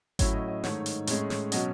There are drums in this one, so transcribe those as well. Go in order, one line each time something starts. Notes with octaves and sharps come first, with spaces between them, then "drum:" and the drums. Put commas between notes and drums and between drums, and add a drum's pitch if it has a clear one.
A2 F#3 C#4 E4 C#5, drum: kick G#1, hi-hat
D#5
D#5
G#2 D#3 A3 C#5, drum: snare
drum: hi-hat
A2 G#3 C#4, drum: hi-hat
drum: snare
B2 F#3 C#4 D#5, drum: hi-hat